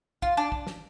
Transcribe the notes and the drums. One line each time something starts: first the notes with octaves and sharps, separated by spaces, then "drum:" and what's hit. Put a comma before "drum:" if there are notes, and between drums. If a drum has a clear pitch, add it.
F4, drum: kick
D4
drum: kick
drum: snare